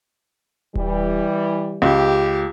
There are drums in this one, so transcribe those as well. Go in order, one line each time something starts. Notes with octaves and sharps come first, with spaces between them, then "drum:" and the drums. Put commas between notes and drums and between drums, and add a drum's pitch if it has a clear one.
E3 G3, drum: kick D#1
C#2 G4